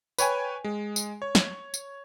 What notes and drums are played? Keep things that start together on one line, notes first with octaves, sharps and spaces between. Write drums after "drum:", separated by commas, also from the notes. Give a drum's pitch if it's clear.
B4 C#5 G5 G#5, drum: tambourine
G#3
drum: tambourine
C#5
drum: snare
drum: tambourine